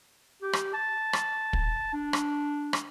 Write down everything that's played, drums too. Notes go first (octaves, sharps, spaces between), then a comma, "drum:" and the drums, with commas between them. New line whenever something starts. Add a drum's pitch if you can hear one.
G4
drum: rim click
A5
drum: rim click
drum: kick
D4
drum: rim click
drum: rim click